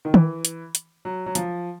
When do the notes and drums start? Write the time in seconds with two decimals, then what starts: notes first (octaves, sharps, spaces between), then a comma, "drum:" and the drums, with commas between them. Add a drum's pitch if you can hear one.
0.05 D#3
0.14 E3, drum: tom D#3
0.45 drum: hi-hat
0.75 drum: hi-hat
1.05 F#3
1.26 F#3
1.35 F3, drum: hi-hat